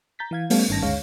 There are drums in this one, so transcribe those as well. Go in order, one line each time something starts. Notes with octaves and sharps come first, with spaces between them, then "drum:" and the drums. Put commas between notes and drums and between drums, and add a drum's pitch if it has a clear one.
A#5 G6 A6 B6
E3 F5 G#6
G3 A3 B3 C#4 A4 F5, drum: open hi-hat
G#1 G2 D#3 C#4 A5 A#6
D2 G#3 C#5 F5 A#6